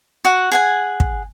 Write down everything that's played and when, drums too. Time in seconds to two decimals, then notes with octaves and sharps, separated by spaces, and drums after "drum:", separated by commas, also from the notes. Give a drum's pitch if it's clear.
0.25 F#4 F#5
0.52 G#4 F#5 G#5
1.00 drum: kick